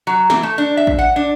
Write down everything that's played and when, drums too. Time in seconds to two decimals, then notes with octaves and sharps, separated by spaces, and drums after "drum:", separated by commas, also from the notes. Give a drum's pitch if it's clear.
0.07 F#3
0.30 E3, drum: snare
0.43 A3
0.58 D4
0.77 E5
0.87 drum: kick A1
0.99 F#5
1.16 D4